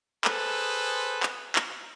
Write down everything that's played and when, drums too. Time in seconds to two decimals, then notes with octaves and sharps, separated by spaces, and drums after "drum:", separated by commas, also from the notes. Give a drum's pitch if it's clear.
0.25 G#4 A4 B4 C5, drum: clap
1.23 drum: clap
1.56 drum: clap